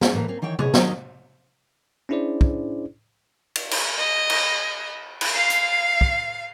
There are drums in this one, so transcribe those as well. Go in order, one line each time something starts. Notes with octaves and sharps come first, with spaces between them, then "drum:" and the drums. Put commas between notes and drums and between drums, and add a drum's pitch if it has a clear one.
G#3, drum: snare
A2 E3 A#3
C4 C#4
D#3 E3 C#5 G5
B2 G#4 C#5 E5, drum: tom C3
D#2 D#3 F#3 C#4 D#5, drum: snare
C#4 D4 E4 G#4 C5 D5
drum: kick
drum: cymbal
drum: cymbal
D#5
drum: cymbal
drum: cymbal
F5 C7
drum: hi-hat
drum: kick